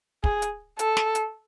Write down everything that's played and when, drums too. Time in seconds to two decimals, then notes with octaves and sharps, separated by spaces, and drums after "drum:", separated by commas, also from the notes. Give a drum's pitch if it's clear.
0.24 G#4, drum: kick
0.42 drum: hi-hat
0.79 A4, drum: hi-hat
0.97 drum: snare
1.15 drum: hi-hat